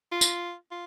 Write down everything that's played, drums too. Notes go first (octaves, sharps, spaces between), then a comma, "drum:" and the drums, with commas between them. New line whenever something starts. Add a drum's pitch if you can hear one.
F4
drum: tambourine
F4